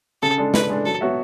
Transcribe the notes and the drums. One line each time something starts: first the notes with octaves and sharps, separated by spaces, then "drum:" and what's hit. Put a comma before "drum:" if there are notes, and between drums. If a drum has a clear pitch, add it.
C#3 A4
G#3 D4 A4
C#3 B4, drum: snare
G#3 D4 A4
F#3 A4
B3 F#4 C#5 E5